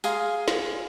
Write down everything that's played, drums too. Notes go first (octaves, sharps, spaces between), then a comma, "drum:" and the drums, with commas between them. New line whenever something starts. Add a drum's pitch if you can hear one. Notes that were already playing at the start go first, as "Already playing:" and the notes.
G#4 F5 A#5 C6, drum: tambourine
drum: snare